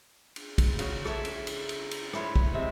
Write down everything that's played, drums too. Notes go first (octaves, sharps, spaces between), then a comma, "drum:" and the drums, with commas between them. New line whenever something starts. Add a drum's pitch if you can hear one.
drum: cymbal
drum: kick, cymbal
C#3 F#4, drum: cymbal
A4 C#5 E5, drum: rim click
drum: cymbal
drum: cymbal
drum: cymbal
drum: cymbal
C#4 E4 C5 C#5, drum: rim click
drum: kick
C3 G#3 C4 E5